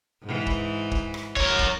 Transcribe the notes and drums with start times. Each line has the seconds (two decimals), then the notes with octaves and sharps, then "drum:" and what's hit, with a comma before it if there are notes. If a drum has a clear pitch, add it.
0.23 G#2 E3
0.46 drum: kick
0.91 drum: kick
1.14 drum: rim click
1.36 A#4 C#5, drum: kick
1.59 drum: kick